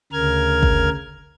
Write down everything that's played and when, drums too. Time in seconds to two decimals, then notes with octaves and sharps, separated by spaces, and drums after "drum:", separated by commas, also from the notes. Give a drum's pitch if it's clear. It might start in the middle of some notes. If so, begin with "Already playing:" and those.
0.13 D2 C#3 A#4 F6 G#6
0.63 drum: kick